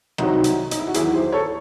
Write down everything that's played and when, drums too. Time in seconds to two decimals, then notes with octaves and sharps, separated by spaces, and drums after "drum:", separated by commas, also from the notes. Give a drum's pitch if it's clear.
0.18 C2 C3 D#3 F#3 D#4 F#4, drum: rim click
0.44 drum: hi-hat
0.71 D#4, drum: hi-hat
0.79 E4
0.87 F#4
0.94 E2 D#3 F#3 E4 G#4, drum: hi-hat
1.13 G#4 C5
1.32 A4 C#5